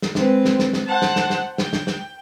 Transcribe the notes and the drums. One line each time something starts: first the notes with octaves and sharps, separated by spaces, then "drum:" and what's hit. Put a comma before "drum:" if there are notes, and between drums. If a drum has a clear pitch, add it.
drum: snare
G#3 C4 B4, drum: snare
drum: snare
drum: snare
drum: snare
C5 F#5 A5
drum: snare
drum: snare
drum: snare
G5, drum: snare
drum: snare
drum: snare